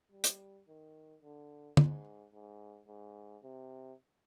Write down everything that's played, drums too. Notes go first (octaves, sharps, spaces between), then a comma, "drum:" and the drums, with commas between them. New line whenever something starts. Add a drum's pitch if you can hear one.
G3
drum: hi-hat
D#3
D3
G#2, drum: tom
G#2
G#2
C3